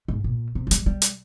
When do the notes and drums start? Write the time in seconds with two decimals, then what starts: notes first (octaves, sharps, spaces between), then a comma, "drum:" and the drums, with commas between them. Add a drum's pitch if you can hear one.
0.08 G#2
0.24 A#2
0.55 C3
0.67 F3
0.71 G3, drum: hi-hat
0.86 G3
1.02 drum: hi-hat